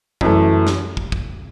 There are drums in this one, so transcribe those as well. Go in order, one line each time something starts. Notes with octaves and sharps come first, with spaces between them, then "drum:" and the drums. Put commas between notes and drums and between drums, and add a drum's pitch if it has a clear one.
F#2 E3 A3, drum: kick
drum: snare
drum: kick
drum: kick